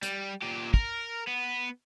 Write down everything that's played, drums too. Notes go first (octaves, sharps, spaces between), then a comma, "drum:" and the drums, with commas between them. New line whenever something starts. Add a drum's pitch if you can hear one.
G3, drum: hi-hat
A#2 G4
A#4, drum: kick
B3